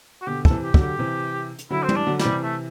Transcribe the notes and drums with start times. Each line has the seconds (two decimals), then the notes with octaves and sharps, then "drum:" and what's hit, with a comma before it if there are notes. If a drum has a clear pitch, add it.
0.21 F#4
0.27 B2 D3 G4
0.45 A4, drum: kick
0.50 C3 E3
0.63 G4
0.74 D3 F#3, drum: kick
0.81 G4
0.99 C3 E3
1.59 drum: hi-hat
1.70 D3 F#3 E4
1.83 C4
1.89 E3 G3, drum: tom
1.96 D4
2.07 D3 F#3
2.19 G3, drum: snare
2.25 C3 E3
2.42 A3